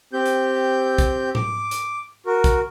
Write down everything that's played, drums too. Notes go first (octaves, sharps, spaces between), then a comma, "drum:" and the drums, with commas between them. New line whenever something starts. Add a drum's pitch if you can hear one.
C4 G4 G6
drum: hi-hat
drum: kick, hi-hat
D6, drum: tom G#2
drum: hi-hat
F#4 A#4
drum: kick, hi-hat